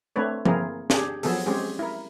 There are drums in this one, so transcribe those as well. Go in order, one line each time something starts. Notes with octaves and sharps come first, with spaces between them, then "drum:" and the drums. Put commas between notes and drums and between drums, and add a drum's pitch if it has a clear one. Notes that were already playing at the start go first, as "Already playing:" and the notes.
A3 C4 D4 B4 C#5
A#3 C4 E4 G#4 A#4, drum: tom F3
D4 G4 G#4, drum: snare
F3 F#3 B3 G#4 A4, drum: open hi-hat
G#3 C4 C#4 G4 G#4
E4 A#4